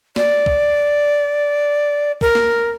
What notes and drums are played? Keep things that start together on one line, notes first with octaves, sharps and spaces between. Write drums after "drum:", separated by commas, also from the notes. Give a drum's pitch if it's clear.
D5, drum: snare
drum: kick
A#4, drum: kick
drum: snare